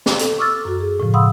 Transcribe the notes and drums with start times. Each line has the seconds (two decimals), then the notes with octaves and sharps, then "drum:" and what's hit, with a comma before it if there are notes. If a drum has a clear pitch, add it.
0.06 drum: snare
0.19 A4, drum: hi-hat
0.39 C#6 D6 E6 F6 A6
0.65 F#2 F#4
0.80 G#4
1.00 A2 C#3 F3
1.14 F5 F#5 B5 C6 D#6 E6